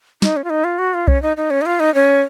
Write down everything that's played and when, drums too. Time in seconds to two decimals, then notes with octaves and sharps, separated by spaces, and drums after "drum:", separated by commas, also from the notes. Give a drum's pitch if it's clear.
0.22 D#4, drum: snare
0.37 C#4
0.44 F4
0.50 D#4
0.64 F4
0.79 F#4
0.94 F4
1.08 C#4, drum: kick B1
1.22 D#4
1.37 D#4
1.50 C#4
1.61 D#4
1.66 F4
1.80 D#4
1.95 C#4